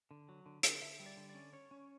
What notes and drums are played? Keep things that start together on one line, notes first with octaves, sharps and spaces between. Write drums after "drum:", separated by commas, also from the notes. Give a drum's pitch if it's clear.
D3
F#3
D3
D3, drum: hi-hat
D3 E5
G3
D5
D3
D5
C#4
C#4 C#5
C#4